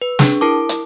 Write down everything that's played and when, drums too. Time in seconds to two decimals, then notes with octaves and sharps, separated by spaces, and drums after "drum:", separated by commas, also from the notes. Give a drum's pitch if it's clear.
0.02 B4
0.19 D4 G#4, drum: snare
0.41 E4 A#4 A5 D6
0.69 drum: hi-hat